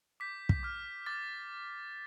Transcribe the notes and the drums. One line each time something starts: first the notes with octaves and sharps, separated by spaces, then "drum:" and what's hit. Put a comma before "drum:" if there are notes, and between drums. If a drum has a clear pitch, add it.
D6 G6 B6
drum: kick
D6 F6
D6 F6 A6